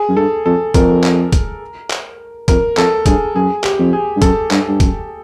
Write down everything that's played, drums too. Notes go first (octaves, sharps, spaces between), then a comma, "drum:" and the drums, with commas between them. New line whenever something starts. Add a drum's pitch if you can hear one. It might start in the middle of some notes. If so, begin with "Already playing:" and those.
Already playing: G#4
F#2
G2 A4
F2 A4
F2 A#4, drum: kick, hi-hat
drum: clap
drum: kick, hi-hat
drum: clap
F2 A#4, drum: kick, hi-hat
F2 A4, drum: clap
G2 G#4, drum: kick, hi-hat
F#2 G#4
G4, drum: clap
F2
G#4
G2
F#2 A4, drum: kick, hi-hat
G2, drum: clap
G2
F#2, drum: kick, hi-hat